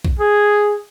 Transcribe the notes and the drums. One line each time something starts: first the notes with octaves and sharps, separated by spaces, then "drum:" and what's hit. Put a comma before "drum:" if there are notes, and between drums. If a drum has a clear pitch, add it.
drum: kick A#1
G#4